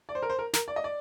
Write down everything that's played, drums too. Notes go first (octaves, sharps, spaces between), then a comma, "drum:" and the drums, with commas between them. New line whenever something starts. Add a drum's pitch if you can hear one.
D5
C5
A#4
C5
A#4
A#4, drum: snare
D5
D#5
D5